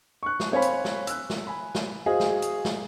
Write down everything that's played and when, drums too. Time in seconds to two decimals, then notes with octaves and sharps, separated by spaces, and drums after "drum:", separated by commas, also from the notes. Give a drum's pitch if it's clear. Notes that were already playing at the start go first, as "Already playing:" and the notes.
0.23 C#6 F#6
0.40 drum: snare
0.51 C4 C5 C#5 F5 G#5 B5
0.62 drum: hi-hat
0.85 drum: snare
1.07 E6 F#6, drum: hi-hat
1.30 drum: snare
1.47 G#5 B5
1.75 drum: snare
2.06 F#4 G#4 C5 D#5 F5
2.20 drum: snare
2.42 drum: hi-hat
2.65 drum: snare